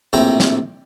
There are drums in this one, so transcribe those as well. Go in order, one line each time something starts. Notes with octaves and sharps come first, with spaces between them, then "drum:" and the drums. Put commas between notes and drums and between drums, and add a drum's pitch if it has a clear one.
A#1 A2 C3 C4 G5 A#5
drum: snare